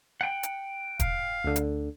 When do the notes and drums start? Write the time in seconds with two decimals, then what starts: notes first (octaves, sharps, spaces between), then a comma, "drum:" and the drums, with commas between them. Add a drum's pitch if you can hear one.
0.21 F#5 G5
0.43 drum: hi-hat
1.00 F5, drum: kick, hi-hat
1.44 D2 D3
1.56 drum: hi-hat